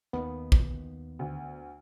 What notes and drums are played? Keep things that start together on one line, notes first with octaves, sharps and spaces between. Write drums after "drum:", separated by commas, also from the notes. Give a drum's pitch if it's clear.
D#2 D#3 B3
drum: kick
D2